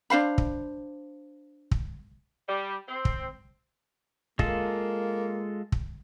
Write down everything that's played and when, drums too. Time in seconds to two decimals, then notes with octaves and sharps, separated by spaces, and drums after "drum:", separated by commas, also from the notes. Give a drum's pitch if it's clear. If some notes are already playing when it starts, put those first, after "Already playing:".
0.10 D4 C5 F5 B5
0.38 drum: kick
1.71 drum: kick
2.49 G3
2.88 C4
3.05 drum: kick
4.39 G#3 A#3 F4 A4, drum: kick
5.72 drum: kick